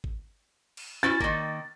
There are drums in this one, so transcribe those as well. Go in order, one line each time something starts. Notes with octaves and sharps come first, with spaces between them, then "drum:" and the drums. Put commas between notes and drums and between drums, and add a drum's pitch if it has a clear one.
drum: kick G#1
drum: cymbal
C#4 E4 F#4 A6
D#3 A#3, drum: kick G#1